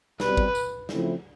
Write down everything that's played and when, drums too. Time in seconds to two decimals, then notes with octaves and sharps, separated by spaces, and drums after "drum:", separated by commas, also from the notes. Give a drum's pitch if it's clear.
0.20 C2 B2 G3 C4 B4, drum: snare
0.37 drum: kick
0.55 drum: tambourine
0.89 C#3 F3 A3 C4 E4, drum: snare